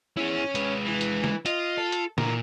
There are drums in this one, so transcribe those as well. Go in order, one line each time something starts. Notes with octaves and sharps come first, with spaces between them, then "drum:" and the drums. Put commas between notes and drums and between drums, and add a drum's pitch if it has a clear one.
C#4 E4 G#4
G#3 B4, drum: hi-hat
E3
drum: hi-hat
drum: snare
F4 D#5, drum: hi-hat
A4
drum: hi-hat
A#2 E3 A#4, drum: snare